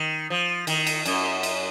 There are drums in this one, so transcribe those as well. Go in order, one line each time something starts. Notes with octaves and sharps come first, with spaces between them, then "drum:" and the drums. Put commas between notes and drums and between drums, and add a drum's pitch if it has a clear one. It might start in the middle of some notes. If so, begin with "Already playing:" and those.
Already playing: D#3
F3
D#3, drum: cymbal
drum: cymbal
F#2, drum: cymbal
drum: cymbal